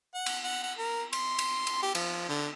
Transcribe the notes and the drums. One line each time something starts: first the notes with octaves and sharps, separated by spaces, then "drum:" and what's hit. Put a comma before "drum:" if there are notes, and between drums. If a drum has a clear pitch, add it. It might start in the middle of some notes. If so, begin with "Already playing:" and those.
F#5
drum: cymbal
F#5
F#5
A#4
C6, drum: cymbal
drum: cymbal
drum: cymbal
G4
F3, drum: cymbal
D3